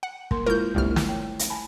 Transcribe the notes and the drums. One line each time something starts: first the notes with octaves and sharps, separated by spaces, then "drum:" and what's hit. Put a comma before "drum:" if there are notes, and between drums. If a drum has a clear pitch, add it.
F#5
A#3 A#4 C6, drum: kick
G#3 E4 F4 A#4 G6
G1 C2 A3 E4 F6
drum: snare
C#5 G5
drum: hi-hat
G#5 A5 B5